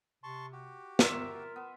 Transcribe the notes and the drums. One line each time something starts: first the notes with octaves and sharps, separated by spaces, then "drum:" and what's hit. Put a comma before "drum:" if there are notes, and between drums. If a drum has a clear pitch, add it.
C3 A5 C6 C#6
F#4 G4
F4 A#4 E5, drum: snare
B3